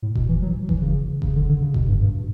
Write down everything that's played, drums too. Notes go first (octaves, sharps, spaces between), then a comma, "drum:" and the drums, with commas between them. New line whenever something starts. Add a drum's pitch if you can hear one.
A2
B2, drum: kick F1
E3
F#3
E3, drum: kick F1
C#3
C#3, drum: kick F1
D3
D3
C#3
B2, drum: kick F1
G2
G2